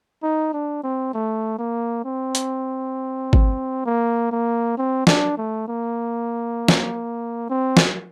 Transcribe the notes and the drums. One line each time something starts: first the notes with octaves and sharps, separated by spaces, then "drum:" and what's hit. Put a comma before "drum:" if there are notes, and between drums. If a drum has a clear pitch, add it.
D#4
D4
C4
A3
A#3
C4
drum: hi-hat
drum: kick G#1
A#3
A#3
C4
D4, drum: snare
A3
A#3
drum: snare
C4
drum: snare